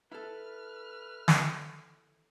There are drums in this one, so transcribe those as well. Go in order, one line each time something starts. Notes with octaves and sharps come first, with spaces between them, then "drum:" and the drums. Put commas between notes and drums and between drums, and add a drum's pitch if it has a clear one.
E4 A4 B4 F6
drum: snare